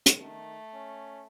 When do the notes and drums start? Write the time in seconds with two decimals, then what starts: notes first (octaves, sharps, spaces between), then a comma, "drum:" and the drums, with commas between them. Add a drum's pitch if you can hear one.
0.06 drum: hi-hat
0.21 D#3 A3
0.73 C#4